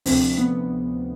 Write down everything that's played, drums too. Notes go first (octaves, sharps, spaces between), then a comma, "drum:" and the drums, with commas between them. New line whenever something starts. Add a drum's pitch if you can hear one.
D2 C3 F3 C4, drum: open hi-hat
B3